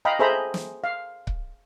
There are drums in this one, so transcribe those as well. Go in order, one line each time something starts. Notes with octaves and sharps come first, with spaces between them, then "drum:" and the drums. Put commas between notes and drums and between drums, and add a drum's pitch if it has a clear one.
D#5 F5 G5 A#5 B5
G#4 A4 C5 E5 A#5 B5
drum: snare
F5
drum: kick C#1